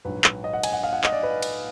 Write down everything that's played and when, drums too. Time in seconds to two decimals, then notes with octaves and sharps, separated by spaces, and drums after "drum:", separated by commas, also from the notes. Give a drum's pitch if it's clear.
0.05 A#1 G#2 F#3 B4
0.24 drum: clap
0.44 D#5
0.53 F#5
0.63 G#5, drum: cymbal
0.73 F#5
0.83 F5
0.93 F#5
1.04 D#5, drum: clap
1.12 D5
1.23 B4
1.43 drum: cymbal